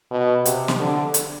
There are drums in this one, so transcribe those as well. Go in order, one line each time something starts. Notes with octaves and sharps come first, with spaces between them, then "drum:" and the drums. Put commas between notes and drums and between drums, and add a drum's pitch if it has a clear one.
B2
C3, drum: hi-hat
drum: snare
D3
drum: hi-hat